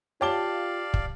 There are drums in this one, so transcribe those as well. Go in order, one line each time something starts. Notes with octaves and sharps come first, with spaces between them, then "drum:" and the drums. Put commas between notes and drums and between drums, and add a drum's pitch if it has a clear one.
F4 G4 C#5 D5 F5 A5 D6 G7
drum: kick